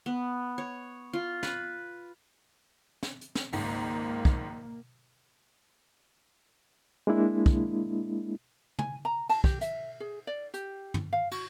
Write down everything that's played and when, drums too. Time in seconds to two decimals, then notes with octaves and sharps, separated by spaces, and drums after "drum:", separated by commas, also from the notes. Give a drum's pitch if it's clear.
0.06 B3
0.58 C#5
1.13 F4
1.43 B4, drum: snare
3.03 drum: snare
3.21 drum: hi-hat
3.35 drum: snare
3.53 G#1 C#2 G#2 A#3, drum: open hi-hat
4.25 drum: kick
7.07 G#3 A#3 D4 E4
7.46 drum: kick
8.79 G#5, drum: tom
9.05 A#5
9.29 A5, drum: cymbal
9.44 G4, drum: kick
9.61 E5, drum: hi-hat
10.00 G#4
10.27 D5
10.54 G4, drum: hi-hat
10.94 drum: tom
11.13 F5
11.31 F#4, drum: cymbal